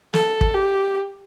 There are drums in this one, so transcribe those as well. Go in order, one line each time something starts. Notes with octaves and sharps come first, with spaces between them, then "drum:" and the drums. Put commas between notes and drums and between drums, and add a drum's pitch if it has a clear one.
A4, drum: snare
drum: kick
G4